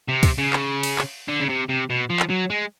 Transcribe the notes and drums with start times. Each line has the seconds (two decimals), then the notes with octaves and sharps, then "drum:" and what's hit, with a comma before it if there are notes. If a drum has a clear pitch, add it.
0.08 C3
0.23 drum: kick, cymbal
0.38 C#3
0.53 drum: clap
0.83 drum: cymbal
0.98 drum: clap
1.28 D3
1.40 C#3
1.49 C3
1.69 C3
1.90 B2
2.10 F3
2.20 drum: clap
2.30 F#3
2.50 G#3